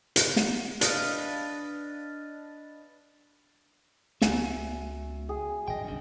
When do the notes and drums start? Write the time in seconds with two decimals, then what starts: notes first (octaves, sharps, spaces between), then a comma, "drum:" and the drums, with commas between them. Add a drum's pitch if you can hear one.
0.16 drum: hi-hat
0.36 drum: snare
0.81 D4 B4 D#5 F5, drum: hi-hat
4.22 C#2 B3 C#4 F#4 E5 G#5, drum: snare
5.29 G#4
5.68 D#1 A#1 A#2 D#5 G5
5.84 F#1 B1 G2 C#3 D4